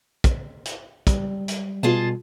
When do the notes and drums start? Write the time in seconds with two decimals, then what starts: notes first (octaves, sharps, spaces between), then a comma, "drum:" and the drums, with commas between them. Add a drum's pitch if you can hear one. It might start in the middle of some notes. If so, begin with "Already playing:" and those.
0.24 drum: kick, hi-hat
0.65 drum: hi-hat
1.07 G3, drum: kick, hi-hat
1.48 drum: hi-hat
1.83 B2 F4 G#4 A5